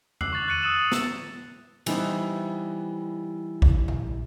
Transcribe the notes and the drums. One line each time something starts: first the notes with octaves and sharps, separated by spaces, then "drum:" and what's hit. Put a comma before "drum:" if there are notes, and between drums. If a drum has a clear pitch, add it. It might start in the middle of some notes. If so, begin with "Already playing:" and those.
D6 E6 F#6 C7 F#7, drum: tom E2
C#6 A6 F7
F#6 A6 C#7 D#7 F#7
D#6 E6 A6 E7 F#7
C#7
drum: snare
E3 G3 B3 D#4 C5, drum: cymbal
drum: kick G#1
drum: tom A#2